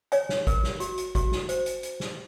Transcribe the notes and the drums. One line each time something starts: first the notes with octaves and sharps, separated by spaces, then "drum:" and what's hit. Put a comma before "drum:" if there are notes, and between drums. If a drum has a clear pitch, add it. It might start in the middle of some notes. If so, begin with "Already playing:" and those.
C#5 G#5, drum: hi-hat
drum: snare
A#4, drum: kick G#1, hi-hat
drum: snare
F#4, drum: hi-hat
drum: hi-hat
F#4, drum: kick G#1, hi-hat
drum: snare
C5, drum: hi-hat
drum: hi-hat
drum: hi-hat
drum: snare